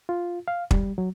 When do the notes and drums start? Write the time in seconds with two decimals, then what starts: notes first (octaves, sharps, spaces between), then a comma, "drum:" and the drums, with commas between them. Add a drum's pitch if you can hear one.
0.09 F4
0.48 F5
0.71 G3, drum: kick
0.98 F#3